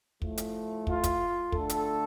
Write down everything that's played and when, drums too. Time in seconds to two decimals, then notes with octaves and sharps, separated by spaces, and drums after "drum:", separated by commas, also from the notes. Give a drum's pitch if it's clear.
0.22 A2 F3 A3, drum: kick
0.38 drum: hi-hat
0.87 F4, drum: kick
1.03 drum: kick, hi-hat
1.52 D3 A3 A4, drum: kick
1.69 drum: hi-hat